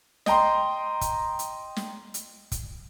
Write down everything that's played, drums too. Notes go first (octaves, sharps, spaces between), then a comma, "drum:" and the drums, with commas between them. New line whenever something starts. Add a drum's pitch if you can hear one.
D#5 G5 A#5 C6, drum: snare
drum: kick, hi-hat
drum: hi-hat
drum: snare
drum: hi-hat
drum: kick, hi-hat